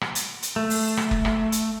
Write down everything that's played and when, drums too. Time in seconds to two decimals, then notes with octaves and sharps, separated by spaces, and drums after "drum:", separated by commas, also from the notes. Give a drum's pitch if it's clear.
0.01 drum: rim click
0.15 drum: hi-hat
0.43 drum: hi-hat
0.56 A3
0.70 drum: open hi-hat
0.97 drum: rim click
1.11 drum: kick F#1
1.25 drum: rim click
1.52 drum: hi-hat